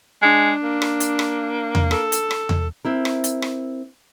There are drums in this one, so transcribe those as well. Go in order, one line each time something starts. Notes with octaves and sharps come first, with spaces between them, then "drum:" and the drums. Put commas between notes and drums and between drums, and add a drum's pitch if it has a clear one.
G#3 D4
A#3
drum: rim click
drum: hi-hat
drum: rim click
drum: tom E2
A4, drum: rim click
drum: hi-hat
drum: rim click
drum: tom E2
C4 E4 A#4
drum: rim click
drum: hi-hat
drum: rim click